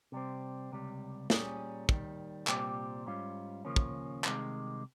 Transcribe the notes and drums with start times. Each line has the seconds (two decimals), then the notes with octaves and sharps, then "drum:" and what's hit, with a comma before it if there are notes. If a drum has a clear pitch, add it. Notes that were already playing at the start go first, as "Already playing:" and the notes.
0.12 C3 G3 C4
0.72 C#2 C3 G3
1.30 A#2 G3 C#4 G#4, drum: snare
1.89 D#2 D#3 G3, drum: kick
2.47 C2 A#2 G3 C4 G4, drum: clap
3.06 G#2 G3 C#4 F4
3.65 D#2 C#3 F3 A#3 C#4
3.76 drum: kick
4.24 C2 C3 D#3 G#3, drum: clap